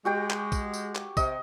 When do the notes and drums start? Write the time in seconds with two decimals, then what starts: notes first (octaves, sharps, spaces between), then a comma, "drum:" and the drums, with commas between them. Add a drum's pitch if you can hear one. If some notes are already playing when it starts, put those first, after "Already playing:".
0.05 G#3 F#4 G4 G5
0.30 drum: clap
0.52 drum: kick, tambourine
0.74 drum: tambourine
0.95 drum: clap
1.17 C3 D#5, drum: kick, tambourine